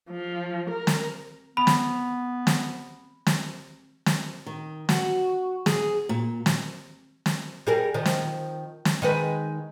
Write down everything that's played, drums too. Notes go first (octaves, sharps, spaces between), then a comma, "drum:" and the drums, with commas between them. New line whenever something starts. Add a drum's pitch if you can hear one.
F3
A#4
drum: snare
B3 B5
drum: snare
drum: snare
drum: snare
drum: snare
D#3
F#4, drum: snare
G#4, drum: snare
A#2
drum: snare
drum: snare
G3 G#4 A#4
D#3 F3
drum: snare
drum: snare
D#3 G#3 B4